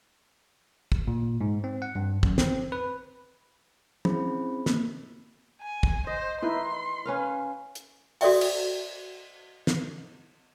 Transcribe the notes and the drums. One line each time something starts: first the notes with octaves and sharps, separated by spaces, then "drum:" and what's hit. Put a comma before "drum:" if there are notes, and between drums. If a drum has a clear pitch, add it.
drum: kick
A#2
G#2
C4
F#5
G2
F#2, drum: kick
C4, drum: snare
B4
C4 C#4 E4 G#4 C5 B5, drum: tom
A#3, drum: snare
G#5
drum: kick
C5 D#5
D#4 E4 B4 C6
C#4 B4 F5
drum: hi-hat
F#4 A4 C#5 D5 E5 G5, drum: open hi-hat
drum: cymbal
drum: snare